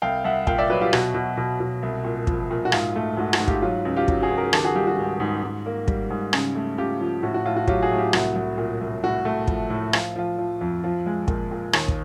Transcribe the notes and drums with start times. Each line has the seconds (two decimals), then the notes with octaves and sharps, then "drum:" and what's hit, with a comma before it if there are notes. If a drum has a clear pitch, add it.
0.02 C2 F5 G5
0.24 C2 E5 F#5
0.47 A#2 F5 G5, drum: kick
0.58 D5 E5
0.70 F#3 B4 C#5
0.81 F4 G4
0.93 B2 F#4, drum: rim click
1.14 B2
1.37 B2
1.60 B2
1.83 C2
2.05 A#2
2.27 F3, drum: kick
2.51 A#2
2.65 F#4
2.72 G#2 F4, drum: rim click
2.96 A3
3.17 G#2 F#4
3.33 F#4, drum: rim click
3.40 G#2
3.48 F4 G4, drum: kick
3.62 F#3 F4
3.85 C#2
3.96 F4 G4
4.08 F#3, drum: kick
4.22 F#4 G#4
4.30 C#2
4.38 G#4 A#4
4.53 D#3 G4 A4, drum: rim click
4.65 F#4 G#4
4.75 G3 F4 G4
4.87 F#4
4.97 G#2 F#4
5.20 G#2
5.43 G#2
5.66 A#3
5.88 G3, drum: kick
6.10 G#2
6.33 C#3, drum: rim click
6.55 A3
6.78 C#3 F4 G4
7.01 F3
7.23 A2 F#4
7.34 F#4
7.45 A2 F4
7.56 F#4
7.68 F#3 F4 G4, drum: kick
7.83 F#4 G#4
7.91 A2
7.98 F4 G4
8.13 C2 F#4, drum: rim click
8.36 C2
8.58 A#2
8.81 C2
9.04 A2 F#4
9.25 A3
9.48 F3, drum: kick
9.70 A2
9.93 F3 F4, drum: rim click
10.16 F3 F4
10.38 F3
10.61 F2
10.84 F3 F4
11.06 G#3
11.28 A#2, drum: kick
11.51 A#2
11.73 D#2, drum: rim click
11.88 drum: kick